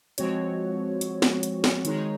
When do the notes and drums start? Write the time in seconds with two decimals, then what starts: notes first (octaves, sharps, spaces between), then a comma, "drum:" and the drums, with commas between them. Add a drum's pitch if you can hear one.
0.18 F3 G#3 C4 F#4 C#5, drum: hi-hat
1.01 drum: hi-hat
1.22 drum: snare
1.43 drum: hi-hat
1.64 drum: snare
1.85 D#3 G#3 D#4 G#4 C#5, drum: hi-hat